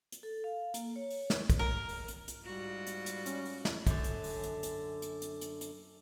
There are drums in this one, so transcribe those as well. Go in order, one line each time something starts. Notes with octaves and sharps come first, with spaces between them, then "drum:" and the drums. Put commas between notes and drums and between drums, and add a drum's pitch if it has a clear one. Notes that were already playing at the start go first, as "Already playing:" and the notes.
drum: hi-hat
A4
F5
A#3, drum: hi-hat
C#5
drum: open hi-hat
drum: snare
drum: kick, hi-hat
A#4
drum: open hi-hat
drum: hi-hat
drum: hi-hat
G#2 G3 F4 F#4
drum: hi-hat
drum: hi-hat
C#4, drum: hi-hat
drum: open hi-hat
drum: snare
F#2 D3, drum: kick, hi-hat
drum: hi-hat
drum: open hi-hat
drum: hi-hat
drum: hi-hat
drum: hi-hat
drum: hi-hat
drum: hi-hat
drum: hi-hat